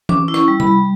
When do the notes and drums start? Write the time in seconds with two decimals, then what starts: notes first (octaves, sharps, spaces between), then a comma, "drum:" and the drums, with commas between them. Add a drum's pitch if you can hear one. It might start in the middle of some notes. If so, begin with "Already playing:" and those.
0.09 C#4 D6, drum: tom E3
0.28 E4
0.34 C#6, drum: rim click
0.48 G3
0.60 B5, drum: tom C3
0.67 G3